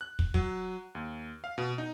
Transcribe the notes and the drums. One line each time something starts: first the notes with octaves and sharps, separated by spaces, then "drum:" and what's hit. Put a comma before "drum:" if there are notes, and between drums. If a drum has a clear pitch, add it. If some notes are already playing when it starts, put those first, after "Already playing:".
F#6
drum: kick
F#3, drum: kick
D#2
F5
B2
D#4